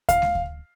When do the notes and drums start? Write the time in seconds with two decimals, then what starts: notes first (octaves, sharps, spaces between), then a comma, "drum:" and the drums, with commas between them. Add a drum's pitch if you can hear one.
0.09 F5, drum: kick D2, hi-hat
0.22 drum: snare G#3
0.35 drum: kick D2